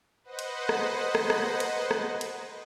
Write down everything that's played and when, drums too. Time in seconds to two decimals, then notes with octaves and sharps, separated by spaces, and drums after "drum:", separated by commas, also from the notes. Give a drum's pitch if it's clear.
0.24 B4 C5 D#5 F#5
0.39 drum: cymbal
0.69 drum: rim click
1.15 drum: rim click
1.30 drum: rim click
1.60 drum: cymbal
1.91 drum: rim click
2.21 drum: cymbal